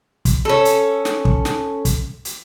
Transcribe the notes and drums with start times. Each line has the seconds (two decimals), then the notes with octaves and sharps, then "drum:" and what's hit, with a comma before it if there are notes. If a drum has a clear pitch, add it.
0.25 drum: kick, hi-hat
0.45 C#4 A4
0.65 drum: hi-hat
1.05 drum: snare
1.25 drum: kick
1.45 drum: snare
1.85 drum: kick, hi-hat
2.25 drum: hi-hat